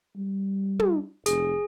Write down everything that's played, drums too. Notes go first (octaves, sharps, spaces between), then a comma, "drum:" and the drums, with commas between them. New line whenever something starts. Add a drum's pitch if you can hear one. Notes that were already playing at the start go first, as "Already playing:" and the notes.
G3
drum: tom
F1 G#4, drum: hi-hat